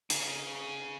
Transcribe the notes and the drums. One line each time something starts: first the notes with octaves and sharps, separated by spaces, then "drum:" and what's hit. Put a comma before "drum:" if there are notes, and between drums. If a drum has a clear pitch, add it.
C#3, drum: hi-hat